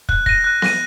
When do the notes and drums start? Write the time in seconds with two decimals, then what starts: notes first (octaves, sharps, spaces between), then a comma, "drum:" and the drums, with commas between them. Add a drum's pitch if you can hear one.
0.09 F#6, drum: kick
0.26 A#6 D#7, drum: kick
0.44 F#6
0.62 A#6 D#7, drum: snare B3